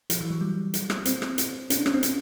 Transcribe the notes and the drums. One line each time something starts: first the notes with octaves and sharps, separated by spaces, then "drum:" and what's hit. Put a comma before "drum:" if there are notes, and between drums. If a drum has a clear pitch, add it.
F3, drum: hi-hat
E3
F#3
G3
drum: hi-hat
drum: rim click
C4, drum: hi-hat
drum: rim click
drum: hi-hat
C#4, drum: hi-hat
D4
C#4, drum: rim click
C4
C#4, drum: hi-hat